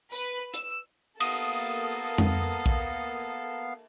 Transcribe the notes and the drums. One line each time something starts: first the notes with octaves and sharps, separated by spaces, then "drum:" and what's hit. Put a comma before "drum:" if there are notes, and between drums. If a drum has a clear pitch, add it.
B4, drum: tambourine
E6, drum: hi-hat
A#3 B3 A4 F5 D#6, drum: cymbal
drum: tom F2
drum: kick A#1